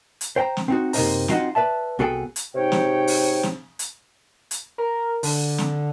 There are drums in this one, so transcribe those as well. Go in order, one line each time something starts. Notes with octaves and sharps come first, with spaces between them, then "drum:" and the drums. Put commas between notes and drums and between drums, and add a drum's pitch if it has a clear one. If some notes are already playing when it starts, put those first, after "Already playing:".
drum: hi-hat
C5 G5 A5 A#5
drum: snare
C4 D#4 F#4
F#2 C3 A#3 D#4 C5 A#5, drum: open hi-hat
C4 D#4 F4 F#4 D#5 F#5, drum: snare
B4 D5 E5 A5
C2 B3 F#4 G#4 A4 G5
drum: hi-hat
G#2 C3 D#4 C#5 G5
drum: snare
drum: open hi-hat
drum: snare
drum: hi-hat
drum: hi-hat
A#4
D3, drum: open hi-hat
drum: snare